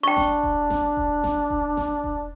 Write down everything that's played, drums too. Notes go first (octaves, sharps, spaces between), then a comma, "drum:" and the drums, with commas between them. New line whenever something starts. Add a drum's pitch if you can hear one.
D4 G5 C#6
drum: snare F#1
drum: kick E1
drum: snare F#1
drum: kick E1
drum: snare F#1
drum: kick E1
drum: snare F#1
drum: kick E1